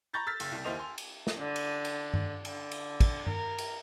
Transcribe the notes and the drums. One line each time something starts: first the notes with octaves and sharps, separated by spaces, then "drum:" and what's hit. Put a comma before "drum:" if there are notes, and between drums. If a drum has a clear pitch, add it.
A#5 B5 C#6 G6 A6 A#6
E6 F6 A6 B6
F#1, drum: cymbal
C2
D#2 E4 C5 D#5 F7
G#5 C6
drum: cymbal
drum: snare
D3
drum: cymbal
drum: cymbal
drum: tom G2
D3, drum: cymbal
drum: cymbal
drum: kick, cymbal
A#4, drum: tom G2
drum: cymbal